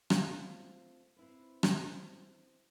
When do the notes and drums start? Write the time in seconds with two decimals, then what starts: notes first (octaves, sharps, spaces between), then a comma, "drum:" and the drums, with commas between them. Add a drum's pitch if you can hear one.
0.10 A3 C4 F4 F#5, drum: rim click
1.17 C4 E4 B4
1.63 drum: rim click